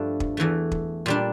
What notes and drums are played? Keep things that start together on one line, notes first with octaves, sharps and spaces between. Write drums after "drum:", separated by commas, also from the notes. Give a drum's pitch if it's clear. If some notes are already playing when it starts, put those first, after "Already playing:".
Already playing: G2 F3 A3 D4
drum: kick
E2 E3 A3
drum: kick
A#2 G3 D4